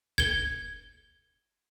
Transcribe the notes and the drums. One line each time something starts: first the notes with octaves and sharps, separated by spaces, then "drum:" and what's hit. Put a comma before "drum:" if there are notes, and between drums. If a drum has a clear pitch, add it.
G#6 G7, drum: kick